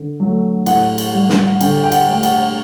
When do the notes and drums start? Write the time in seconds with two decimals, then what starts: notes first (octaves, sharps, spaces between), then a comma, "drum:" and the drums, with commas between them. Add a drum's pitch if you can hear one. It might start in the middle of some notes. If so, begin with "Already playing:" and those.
Already playing: D3
0.20 F#3 A3
0.66 A2 F#5, drum: cymbal
0.98 drum: cymbal
1.13 G3
1.29 drum: snare
1.61 D3 G5, drum: cymbal
1.84 G5
1.92 F#5, drum: cymbal
2.07 A3 G5
2.23 F#5, drum: cymbal